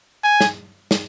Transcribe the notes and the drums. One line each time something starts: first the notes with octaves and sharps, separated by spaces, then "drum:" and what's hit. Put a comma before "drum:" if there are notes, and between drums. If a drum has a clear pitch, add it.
G#5
drum: snare
drum: snare